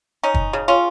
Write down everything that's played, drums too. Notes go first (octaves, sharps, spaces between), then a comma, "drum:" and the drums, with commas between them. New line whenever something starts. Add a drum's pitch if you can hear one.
C#4 D#4
drum: kick
C#3
C#4 F4